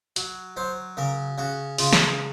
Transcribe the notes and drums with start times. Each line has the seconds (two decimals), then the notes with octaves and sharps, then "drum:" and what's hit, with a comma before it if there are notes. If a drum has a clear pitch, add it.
0.16 F#3, drum: hi-hat
0.57 F#3 C5
0.97 C#3 A#4
1.38 C#3 F#4
1.78 C#3 F4, drum: open hi-hat
1.93 drum: snare